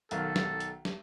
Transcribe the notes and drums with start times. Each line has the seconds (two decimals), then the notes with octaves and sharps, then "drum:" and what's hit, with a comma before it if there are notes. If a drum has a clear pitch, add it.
0.11 B1 D#3 A4 F5, drum: hi-hat
0.36 drum: snare
0.60 drum: hi-hat
0.85 drum: snare